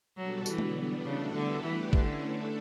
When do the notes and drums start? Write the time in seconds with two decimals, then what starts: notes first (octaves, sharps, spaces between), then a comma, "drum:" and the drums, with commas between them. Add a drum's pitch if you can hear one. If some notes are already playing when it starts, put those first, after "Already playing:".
0.16 B2 F#3 G3 D4 F#4 A4
0.46 D3 E3 F#3 B3, drum: tambourine
0.58 drum: tom G#3
0.75 G3 B3 D4
1.05 C#3 A3 D4 F#4 A4
1.34 D3 G3 B3 E4 A4
1.63 E3 A3 D4 G4 B4
1.93 D3 A3 C#4 E4, drum: kick
2.23 A3 D4 A4